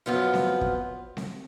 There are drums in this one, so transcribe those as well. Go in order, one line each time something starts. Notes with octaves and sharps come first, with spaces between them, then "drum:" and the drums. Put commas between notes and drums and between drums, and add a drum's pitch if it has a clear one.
F#2 F3 B3 F4
drum: snare C4
drum: kick
drum: snare C4